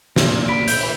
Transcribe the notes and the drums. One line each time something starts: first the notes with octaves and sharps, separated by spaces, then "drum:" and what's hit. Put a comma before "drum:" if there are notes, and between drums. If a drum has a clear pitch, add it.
A#2, drum: snare
B5 B6 D7
G6, drum: hi-hat
E4 B4